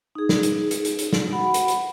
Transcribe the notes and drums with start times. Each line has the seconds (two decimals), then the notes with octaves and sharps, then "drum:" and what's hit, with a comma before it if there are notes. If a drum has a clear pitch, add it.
0.15 D#4 G#4
0.29 drum: snare
0.43 drum: hi-hat
0.71 drum: hi-hat
0.85 drum: hi-hat
0.99 drum: hi-hat
1.13 drum: snare
1.32 F#4 F#5 B5
1.54 drum: hi-hat
1.68 drum: hi-hat